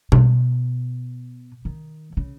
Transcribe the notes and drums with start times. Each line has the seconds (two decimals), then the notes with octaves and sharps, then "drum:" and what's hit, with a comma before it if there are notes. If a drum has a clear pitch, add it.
0.12 B2, drum: tom B2
1.65 D#3
2.17 C#3